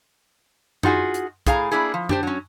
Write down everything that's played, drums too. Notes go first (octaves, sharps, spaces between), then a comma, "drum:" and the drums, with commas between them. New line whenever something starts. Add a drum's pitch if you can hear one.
D#4 F4 F#4 G#4, drum: tom F#2
drum: hi-hat
A2 G#4 F5 G#5 A#5, drum: kick, hi-hat
A#3 D4 E4 G#4
F3
D4 G4 C5, drum: tom F#2
F#3 C#4